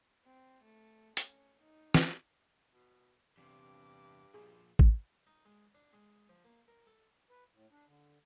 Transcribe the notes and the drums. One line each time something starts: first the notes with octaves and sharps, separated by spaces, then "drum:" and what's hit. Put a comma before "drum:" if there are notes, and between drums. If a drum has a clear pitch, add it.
C4
A3
C#4, drum: hi-hat
D#4
drum: snare
B2
E2 G2 C3 D6
A#2 F3 G#4
drum: kick A1
D#4
G#3
D4
G#3
F3
A#3
A#4
A4
B4
A2
D4
D3